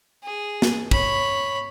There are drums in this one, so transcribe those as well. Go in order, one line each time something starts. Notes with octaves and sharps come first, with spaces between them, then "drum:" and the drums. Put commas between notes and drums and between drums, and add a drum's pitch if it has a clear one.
G#4
drum: snare
C#5 B5, drum: kick